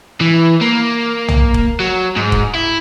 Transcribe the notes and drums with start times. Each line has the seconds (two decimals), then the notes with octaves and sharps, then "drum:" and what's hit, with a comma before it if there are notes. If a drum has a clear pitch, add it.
0.21 E3
0.61 A#3
1.28 drum: tom
1.54 drum: kick E1
1.80 F#3
2.16 G#2
2.32 drum: kick E1
2.55 E4